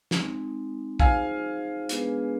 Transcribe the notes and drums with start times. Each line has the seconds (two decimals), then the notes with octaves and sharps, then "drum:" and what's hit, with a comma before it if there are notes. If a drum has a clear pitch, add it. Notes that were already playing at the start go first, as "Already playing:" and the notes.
0.11 G#3 C4 D#4, drum: snare
0.99 D#4 G#4 C5 F5 G#5, drum: kick
1.89 G#3 B3 D4 G#4 B4, drum: hi-hat